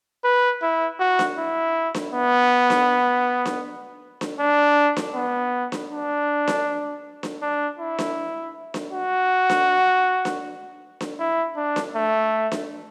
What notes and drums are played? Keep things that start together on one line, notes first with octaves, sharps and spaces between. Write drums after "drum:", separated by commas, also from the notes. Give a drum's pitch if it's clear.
B4
E4
F#4
drum: snare D4
E4
drum: snare D4
B3
drum: snare D4
drum: snare D4
drum: snare D4
D4
drum: snare D4
B3
drum: snare D4
D4
drum: snare D4
drum: snare D4
D4
E4
drum: snare D4
drum: snare D4
F#4
drum: snare D4
drum: snare D4
drum: snare D4
E4
D4
drum: snare D4
A3
drum: snare D4